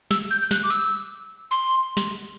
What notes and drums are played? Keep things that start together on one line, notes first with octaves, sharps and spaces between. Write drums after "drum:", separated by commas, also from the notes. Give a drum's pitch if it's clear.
E6, drum: snare
G6
G6
F#6, drum: snare
D6
E6, drum: hi-hat
C6
drum: snare